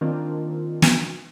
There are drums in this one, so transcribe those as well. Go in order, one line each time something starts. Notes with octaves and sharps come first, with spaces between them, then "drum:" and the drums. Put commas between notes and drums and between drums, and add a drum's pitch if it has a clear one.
D#3 A#3 C4 D4 F4
drum: snare